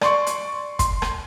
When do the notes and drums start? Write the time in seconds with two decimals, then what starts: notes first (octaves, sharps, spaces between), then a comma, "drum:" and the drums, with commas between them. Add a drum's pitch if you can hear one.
0.01 D5 C6 C#6, drum: rim click
0.27 drum: hi-hat
0.79 C6, drum: kick, hi-hat
1.02 drum: rim click